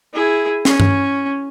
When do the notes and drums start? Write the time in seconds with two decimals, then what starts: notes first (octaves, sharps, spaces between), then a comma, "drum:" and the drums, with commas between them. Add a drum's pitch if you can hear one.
0.14 E4 G#4
0.65 C#4, drum: snare
0.80 drum: tom G2